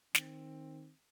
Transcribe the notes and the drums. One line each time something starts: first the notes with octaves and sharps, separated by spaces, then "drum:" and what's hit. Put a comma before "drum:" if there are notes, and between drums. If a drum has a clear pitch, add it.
D#3 C4, drum: snare